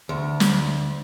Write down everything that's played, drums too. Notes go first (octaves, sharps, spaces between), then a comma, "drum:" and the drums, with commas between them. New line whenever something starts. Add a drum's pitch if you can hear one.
D2
drum: snare